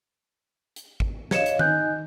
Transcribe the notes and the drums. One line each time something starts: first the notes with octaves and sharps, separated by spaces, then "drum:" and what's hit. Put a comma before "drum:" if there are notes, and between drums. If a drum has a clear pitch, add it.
drum: hi-hat
drum: kick G#1
C#5 D#5 F5 G#6 C#7 E7, drum: snare
drum: hi-hat
D#4 D#5 G#5 F#6 G6, drum: tom D#3